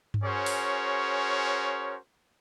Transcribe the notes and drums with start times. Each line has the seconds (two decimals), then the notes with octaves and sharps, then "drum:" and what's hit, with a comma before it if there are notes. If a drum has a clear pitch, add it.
0.14 drum: tom G2
0.23 C#4 F#4 G#4 A#4 C5 C#5
0.46 drum: open hi-hat